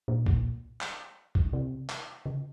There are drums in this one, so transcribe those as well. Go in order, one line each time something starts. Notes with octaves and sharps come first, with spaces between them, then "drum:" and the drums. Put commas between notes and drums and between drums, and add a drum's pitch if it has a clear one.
A#2
drum: kick
drum: clap
drum: kick
C3
drum: clap
C#3